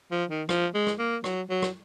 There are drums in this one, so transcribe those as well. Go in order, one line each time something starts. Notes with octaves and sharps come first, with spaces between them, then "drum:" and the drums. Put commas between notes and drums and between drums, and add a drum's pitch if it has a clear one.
F3
D#3
F3, drum: rim click
G#3
drum: rim click
A#3
F#3, drum: rim click
F#3
drum: rim click